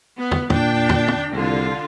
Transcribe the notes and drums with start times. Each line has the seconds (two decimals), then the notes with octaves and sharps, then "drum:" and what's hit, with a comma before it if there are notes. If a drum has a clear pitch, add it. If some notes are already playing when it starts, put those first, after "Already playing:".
0.17 B3
0.31 drum: tom
0.50 A#2 D4 G5, drum: tom
0.89 drum: tom
1.08 drum: tom
1.33 C2 D3 F4